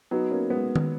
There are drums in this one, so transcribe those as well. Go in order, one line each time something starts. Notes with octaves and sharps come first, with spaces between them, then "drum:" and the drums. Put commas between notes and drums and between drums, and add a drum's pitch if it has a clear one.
F#3 B3 D#4
A#3 C#4
G#3 B3
drum: tom D#3